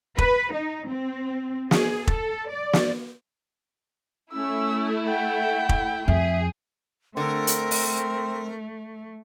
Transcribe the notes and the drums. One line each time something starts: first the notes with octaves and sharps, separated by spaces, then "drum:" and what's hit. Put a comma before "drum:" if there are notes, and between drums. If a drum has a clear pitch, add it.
B4, drum: kick
D#4
C4
G#4, drum: snare
A4, drum: kick
D5
drum: snare
A3 C#4 E4 E6
F#5 G5
drum: kick
F2 G#4 E5
D3 A3 C4 A#4
drum: hi-hat
drum: open hi-hat